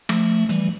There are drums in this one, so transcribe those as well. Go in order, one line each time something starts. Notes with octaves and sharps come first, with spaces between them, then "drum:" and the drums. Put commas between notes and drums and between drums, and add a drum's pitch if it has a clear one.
F3 A3, drum: rim click
E3 G3, drum: hi-hat